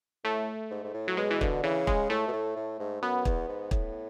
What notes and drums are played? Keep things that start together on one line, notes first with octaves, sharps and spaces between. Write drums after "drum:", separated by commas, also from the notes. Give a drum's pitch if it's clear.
A2 A3
G#2
G#2
A2
F#3
B2 G#3
E3
D3, drum: kick
C#3 E3
G#3, drum: kick
A2 A3
B2
A2
A2
G#2
F#2 B3
E2, drum: kick
G#2
A2, drum: kick